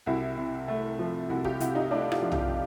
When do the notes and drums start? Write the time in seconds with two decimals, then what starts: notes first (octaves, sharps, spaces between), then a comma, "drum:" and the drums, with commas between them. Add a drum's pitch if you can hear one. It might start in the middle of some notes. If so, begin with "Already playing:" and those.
0.06 C2 E4 F#4
0.38 C3
0.68 A3
0.99 F3
1.29 C2 E4 F#4
1.44 F4 G4, drum: kick
1.60 C3 E4 F#4, drum: hi-hat
1.75 D#4 F4
1.91 A3 D4 E4
2.12 D#4 F4, drum: rim click
2.22 F3
2.32 F4 G4, drum: tom B1